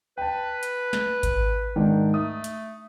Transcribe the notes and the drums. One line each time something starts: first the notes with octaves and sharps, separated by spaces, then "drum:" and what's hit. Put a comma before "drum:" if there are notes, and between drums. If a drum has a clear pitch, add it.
B4 G5 A5
drum: hi-hat
drum: snare
drum: kick G#1, hi-hat
G#2 D#3 D4
A3 D#6
drum: hi-hat